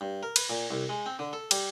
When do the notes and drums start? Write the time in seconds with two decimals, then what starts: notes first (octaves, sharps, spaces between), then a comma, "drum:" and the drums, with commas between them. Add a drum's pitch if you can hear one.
0.01 G2
0.23 A#4
0.36 B4, drum: cymbal
0.50 A#2
0.71 C2
0.89 G#3
1.06 C4
1.19 D3
1.33 A4
1.51 G3, drum: cymbal